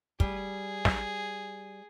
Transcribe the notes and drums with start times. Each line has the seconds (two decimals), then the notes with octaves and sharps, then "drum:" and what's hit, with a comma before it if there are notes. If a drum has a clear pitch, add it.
0.20 G3 G#4, drum: kick
0.85 drum: snare